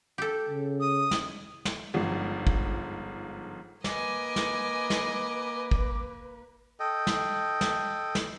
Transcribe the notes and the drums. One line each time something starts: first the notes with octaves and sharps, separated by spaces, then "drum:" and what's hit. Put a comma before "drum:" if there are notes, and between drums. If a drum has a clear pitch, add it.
G4 A4
C#3
D#6
drum: snare
drum: snare
G1 G#2 F3
drum: kick
A#3 B4 D#5 G#5 D6, drum: snare
drum: snare
drum: snare
drum: kick
A4 D#5 G5
drum: snare
drum: snare
drum: snare